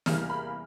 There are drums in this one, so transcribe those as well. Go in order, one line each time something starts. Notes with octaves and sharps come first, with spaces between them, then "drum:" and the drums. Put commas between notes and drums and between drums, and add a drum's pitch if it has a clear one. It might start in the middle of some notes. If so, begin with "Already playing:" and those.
E2 C3 E3 G3 A#3 F6, drum: snare
B5